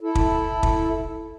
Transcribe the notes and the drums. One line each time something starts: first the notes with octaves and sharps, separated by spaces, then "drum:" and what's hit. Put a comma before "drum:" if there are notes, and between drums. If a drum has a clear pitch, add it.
E4 A4
drum: kick
drum: kick